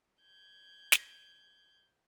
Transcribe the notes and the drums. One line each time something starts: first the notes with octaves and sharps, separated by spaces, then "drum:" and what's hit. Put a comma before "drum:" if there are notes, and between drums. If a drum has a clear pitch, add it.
G6 G#6
drum: snare